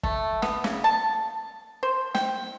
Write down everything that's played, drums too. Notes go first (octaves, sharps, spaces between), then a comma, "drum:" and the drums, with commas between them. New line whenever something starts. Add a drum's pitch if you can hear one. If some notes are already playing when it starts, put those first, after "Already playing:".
A3, drum: kick
B3, drum: snare
C#3, drum: snare
A5
C5
G5, drum: snare